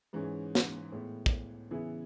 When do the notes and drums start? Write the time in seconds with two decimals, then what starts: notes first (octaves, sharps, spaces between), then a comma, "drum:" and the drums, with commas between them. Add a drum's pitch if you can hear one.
0.13 G#2 E3 G#3 C#4 G#4
0.55 drum: snare
0.92 A2 G#3 B3
1.26 drum: kick
1.71 C#3 E3 B3 E4 G#4